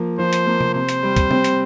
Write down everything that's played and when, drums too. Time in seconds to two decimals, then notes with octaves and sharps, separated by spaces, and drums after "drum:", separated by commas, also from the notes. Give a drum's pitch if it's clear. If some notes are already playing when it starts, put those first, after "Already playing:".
Already playing: F3 A#3
0.19 F3 C5
0.33 drum: hi-hat
0.47 A#3
0.61 drum: tom C3
0.74 C3 C5
0.89 drum: hi-hat
1.03 G3
1.16 drum: kick, hi-hat
1.31 C4, drum: tom C3
1.44 drum: hi-hat